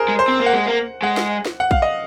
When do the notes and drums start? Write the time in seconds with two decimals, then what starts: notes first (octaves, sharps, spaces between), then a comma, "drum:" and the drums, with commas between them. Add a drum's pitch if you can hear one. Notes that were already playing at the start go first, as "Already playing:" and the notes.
Already playing: G#4 A#4 C5
0.09 G#3
0.19 C5
0.28 C4
0.41 A#3
0.46 F#5
0.53 G#3
0.66 A#3
1.02 G#3 F#5
1.17 drum: snare
1.45 drum: snare
1.60 F#5
1.71 F5, drum: kick
1.82 D#5